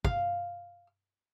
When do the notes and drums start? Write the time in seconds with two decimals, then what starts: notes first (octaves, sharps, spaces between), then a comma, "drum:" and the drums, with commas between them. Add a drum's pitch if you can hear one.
0.05 F5, drum: kick